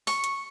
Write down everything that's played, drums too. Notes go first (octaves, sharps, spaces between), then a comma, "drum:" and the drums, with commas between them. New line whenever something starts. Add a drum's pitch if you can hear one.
C#6, drum: open hi-hat
drum: hi-hat